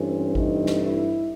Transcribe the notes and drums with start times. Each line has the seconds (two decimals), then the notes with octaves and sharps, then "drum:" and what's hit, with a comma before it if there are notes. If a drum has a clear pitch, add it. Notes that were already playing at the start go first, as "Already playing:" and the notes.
Already playing: G2 E3 A3 C4 C#4
0.35 D#4, drum: kick G#1
0.66 drum: snare
0.81 E4